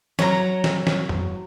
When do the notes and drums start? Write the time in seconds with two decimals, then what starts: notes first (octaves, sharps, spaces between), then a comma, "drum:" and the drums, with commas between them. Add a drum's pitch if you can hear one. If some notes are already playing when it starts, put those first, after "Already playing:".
0.19 F#3 C#5 A#5, drum: snare
0.64 drum: snare
0.87 drum: snare
1.09 drum: tom F2